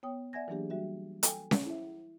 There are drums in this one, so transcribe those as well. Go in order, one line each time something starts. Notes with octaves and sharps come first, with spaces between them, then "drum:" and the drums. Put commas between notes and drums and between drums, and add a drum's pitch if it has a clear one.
B3 C#5 G5 D#6
D5 E5 F#5 G#5 G#6 A#6
E3 F#3 A#3 D4 G4 G#4
G3 F#4 E5
A4 G5 G#5, drum: hi-hat
drum: snare C#4
E4 E5